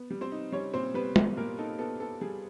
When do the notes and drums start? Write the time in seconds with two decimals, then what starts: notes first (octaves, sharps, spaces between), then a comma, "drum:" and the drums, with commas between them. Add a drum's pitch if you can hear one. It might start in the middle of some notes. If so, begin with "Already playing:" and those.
Already playing: B3
0.11 G3
0.21 C4 C5
0.32 D#4
0.52 G3 C#4 C#5
0.74 A#2 C4 C5
0.94 G3 B3 B4
1.16 B3, drum: tom
1.37 A#2 A#3 A#4
1.58 D#4 A4
1.78 B3 A4
2.00 B3 A4
2.21 G3 G#4